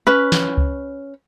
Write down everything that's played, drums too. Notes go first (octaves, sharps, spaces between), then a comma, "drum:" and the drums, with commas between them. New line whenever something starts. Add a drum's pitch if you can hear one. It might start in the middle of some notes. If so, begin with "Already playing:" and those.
C#4 B4
drum: snare
drum: kick C#2